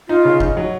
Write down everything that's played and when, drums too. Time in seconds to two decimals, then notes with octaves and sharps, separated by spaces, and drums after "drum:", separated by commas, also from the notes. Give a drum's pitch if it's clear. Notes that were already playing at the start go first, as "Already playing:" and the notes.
0.09 D#4 F4
0.25 C#3
0.40 D#4, drum: kick G1
0.57 F#3